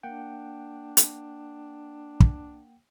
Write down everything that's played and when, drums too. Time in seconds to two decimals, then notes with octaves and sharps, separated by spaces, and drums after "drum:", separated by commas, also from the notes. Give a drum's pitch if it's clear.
0.03 A#3 D4 F#5 G5
0.97 drum: hi-hat
2.20 drum: kick